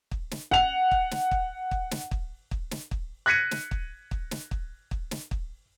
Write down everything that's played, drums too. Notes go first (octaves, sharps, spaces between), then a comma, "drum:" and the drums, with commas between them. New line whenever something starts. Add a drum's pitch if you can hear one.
drum: kick
drum: snare
F#5 F7, drum: kick
drum: kick
drum: snare
drum: kick
drum: kick
drum: snare
drum: kick
drum: kick
drum: snare
drum: kick
F#6 G#6 A#6 B6 C#7 D#7
drum: snare
drum: kick
drum: kick
drum: snare
drum: kick
drum: kick
drum: snare
drum: kick